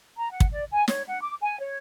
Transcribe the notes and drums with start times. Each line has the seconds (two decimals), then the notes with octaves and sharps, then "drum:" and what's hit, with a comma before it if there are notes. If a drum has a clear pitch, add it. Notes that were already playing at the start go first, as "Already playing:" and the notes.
0.16 A#5
0.31 F#5
0.40 drum: kick
0.52 D5
0.72 G#5
0.88 C#5, drum: snare
1.07 F#5
1.21 D6
1.41 G#5
1.60 C#5